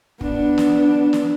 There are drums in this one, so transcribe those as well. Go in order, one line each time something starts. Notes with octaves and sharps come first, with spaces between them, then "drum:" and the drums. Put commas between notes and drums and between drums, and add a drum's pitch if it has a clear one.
B3 D4, drum: kick
drum: snare
drum: snare